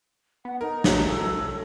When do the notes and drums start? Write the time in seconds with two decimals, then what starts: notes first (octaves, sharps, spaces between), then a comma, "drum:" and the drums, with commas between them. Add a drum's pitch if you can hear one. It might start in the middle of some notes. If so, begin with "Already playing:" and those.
0.45 B3 F#5
0.61 D#4 A#4
0.84 A#1 F#3, drum: snare
1.07 C2 A4